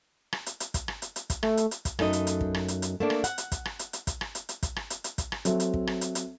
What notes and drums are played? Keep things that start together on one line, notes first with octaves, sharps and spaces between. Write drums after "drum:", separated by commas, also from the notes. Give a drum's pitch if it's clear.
drum: rim click
drum: hi-hat
drum: hi-hat
drum: kick, hi-hat
drum: rim click
drum: hi-hat
drum: hi-hat
drum: kick, hi-hat
A3, drum: rim click
drum: hi-hat
drum: hi-hat
drum: kick, hi-hat
F#2 A3 D#4 D#5, drum: rim click
drum: hi-hat
drum: hi-hat
drum: kick
drum: rim click
drum: hi-hat
drum: hi-hat
A3 A#3 D4
drum: rim click
F#5, drum: hi-hat
drum: hi-hat
drum: kick, hi-hat
drum: rim click
drum: hi-hat
drum: hi-hat
drum: kick, hi-hat
drum: rim click
drum: hi-hat
drum: hi-hat
drum: kick, hi-hat
drum: rim click
drum: hi-hat
drum: hi-hat
drum: kick, hi-hat
drum: rim click
F#3 C4 A4 E5, drum: hi-hat
drum: hi-hat
drum: kick
drum: rim click
drum: hi-hat
drum: hi-hat